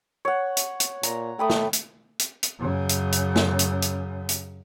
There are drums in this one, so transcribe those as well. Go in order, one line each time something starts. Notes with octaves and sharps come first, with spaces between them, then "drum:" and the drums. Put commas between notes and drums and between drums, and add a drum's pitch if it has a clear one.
C#5 F#5
drum: hi-hat
drum: hi-hat
A#2 A#5, drum: hi-hat
A3 G5 B5 D#6
drum: snare
drum: hi-hat
drum: hi-hat
drum: hi-hat
F#2 C#3
drum: hi-hat
drum: hi-hat
drum: snare
drum: hi-hat
drum: hi-hat
drum: hi-hat